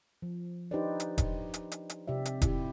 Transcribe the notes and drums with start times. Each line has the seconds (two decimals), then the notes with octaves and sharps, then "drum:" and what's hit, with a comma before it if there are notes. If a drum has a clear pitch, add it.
0.22 F3
0.71 D4 D#4 G4 B4 C5 D5
1.00 drum: hi-hat
1.18 drum: kick E1, hi-hat
1.54 drum: hi-hat
1.72 drum: hi-hat
1.90 drum: hi-hat
2.08 C3 G4 D5 E5
2.25 drum: hi-hat
2.42 E4 G4, drum: kick E1, hi-hat